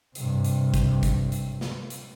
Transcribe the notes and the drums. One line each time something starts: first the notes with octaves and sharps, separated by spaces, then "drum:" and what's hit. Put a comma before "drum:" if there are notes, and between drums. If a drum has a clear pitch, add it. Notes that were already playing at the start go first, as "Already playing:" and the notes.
G2 C3, drum: hi-hat
drum: hi-hat
drum: kick, hi-hat
drum: kick, hi-hat
drum: hi-hat
drum: snare
drum: hi-hat